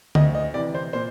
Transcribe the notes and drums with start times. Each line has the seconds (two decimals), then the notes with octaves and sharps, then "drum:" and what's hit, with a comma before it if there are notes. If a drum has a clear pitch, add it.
0.15 D2 D#5, drum: tom D3
0.35 D#5
0.54 C3 E3 D5
0.75 C5
0.93 A#2 C5